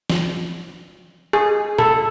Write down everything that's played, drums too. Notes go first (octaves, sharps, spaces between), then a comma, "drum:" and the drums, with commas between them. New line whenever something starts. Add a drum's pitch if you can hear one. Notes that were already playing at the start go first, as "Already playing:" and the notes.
drum: snare
G#4
A4, drum: tom A#2